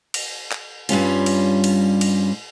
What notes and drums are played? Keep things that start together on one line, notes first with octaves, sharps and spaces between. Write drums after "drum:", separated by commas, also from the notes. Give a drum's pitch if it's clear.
drum: cymbal
drum: clap
G2 G3 C#4 F4, drum: cymbal
drum: cymbal
drum: cymbal
drum: cymbal